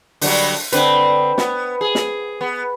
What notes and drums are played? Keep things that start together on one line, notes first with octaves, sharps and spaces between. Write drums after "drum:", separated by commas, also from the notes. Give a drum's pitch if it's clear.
D3 F#3 G3, drum: open hi-hat
D3 C4 B4, drum: hi-hat
B3, drum: snare
G#4
drum: snare
B3